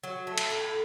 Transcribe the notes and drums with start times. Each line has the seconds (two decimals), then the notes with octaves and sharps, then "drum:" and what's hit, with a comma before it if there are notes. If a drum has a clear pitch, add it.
0.04 F#3
0.27 A3
0.38 drum: cymbal
0.51 A2